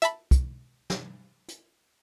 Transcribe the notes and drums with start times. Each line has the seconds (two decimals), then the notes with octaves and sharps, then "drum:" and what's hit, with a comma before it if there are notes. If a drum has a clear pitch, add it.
0.02 E5 A5 B5, drum: hi-hat
0.31 drum: kick, hi-hat
0.90 drum: snare
1.48 drum: hi-hat